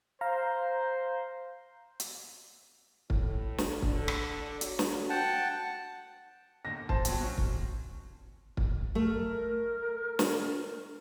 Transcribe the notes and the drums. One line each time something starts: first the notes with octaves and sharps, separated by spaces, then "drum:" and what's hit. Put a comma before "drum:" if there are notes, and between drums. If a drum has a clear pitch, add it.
C5 F5 A#5
drum: hi-hat
A2, drum: kick
drum: snare
D3, drum: kick
drum: rim click
F#3, drum: hi-hat
drum: snare
F#5 G5 A5
D#2 D3 A#6
C5 A5, drum: kick
G2 F#3, drum: hi-hat
F#3 C#4
drum: kick
drum: kick
A3 A#4
drum: snare